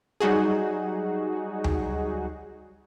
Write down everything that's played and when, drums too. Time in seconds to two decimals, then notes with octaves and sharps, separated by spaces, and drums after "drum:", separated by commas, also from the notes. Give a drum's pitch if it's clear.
0.20 F#3 G3 D#4 F#4 G#4
1.64 drum: tom D2